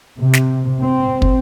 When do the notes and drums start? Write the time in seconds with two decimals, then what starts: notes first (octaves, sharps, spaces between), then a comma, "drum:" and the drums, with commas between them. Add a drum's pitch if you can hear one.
0.19 C3
0.33 drum: snare
0.81 C4
1.22 drum: kick